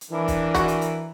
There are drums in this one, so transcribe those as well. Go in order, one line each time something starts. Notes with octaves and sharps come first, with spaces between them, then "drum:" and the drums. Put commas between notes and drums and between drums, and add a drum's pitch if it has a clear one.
drum: hi-hat
E3 D4 A#4
drum: kick, hi-hat
F#4, drum: kick, hi-hat
drum: hi-hat
drum: hi-hat